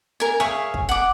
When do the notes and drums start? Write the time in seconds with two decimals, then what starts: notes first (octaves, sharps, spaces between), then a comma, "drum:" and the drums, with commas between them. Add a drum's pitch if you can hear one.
0.20 A#4 G#5
0.40 G#4 C#5 E5 F5, drum: rim click
0.74 drum: kick
0.89 F#5 D6